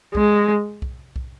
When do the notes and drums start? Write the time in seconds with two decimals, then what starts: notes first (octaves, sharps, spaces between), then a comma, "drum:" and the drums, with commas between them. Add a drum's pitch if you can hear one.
0.15 G#3, drum: kick B1
0.82 drum: kick B1
1.16 drum: kick B1